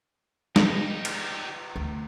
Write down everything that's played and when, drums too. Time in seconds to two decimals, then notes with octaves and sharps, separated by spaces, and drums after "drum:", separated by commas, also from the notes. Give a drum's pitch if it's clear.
0.56 D#4 G4, drum: snare
1.05 drum: cymbal
1.76 D2